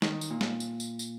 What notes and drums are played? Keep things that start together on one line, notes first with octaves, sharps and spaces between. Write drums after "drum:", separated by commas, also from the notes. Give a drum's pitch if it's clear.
D#3, drum: snare
drum: tambourine
A#2
drum: snare
drum: tambourine
drum: tambourine
drum: tambourine